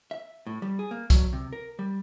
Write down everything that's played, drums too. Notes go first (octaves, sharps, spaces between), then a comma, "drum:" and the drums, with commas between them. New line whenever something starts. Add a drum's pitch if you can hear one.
E5
A2
G3
G#4
A#3
F#3, drum: kick B1, hi-hat
C3
A#4
G3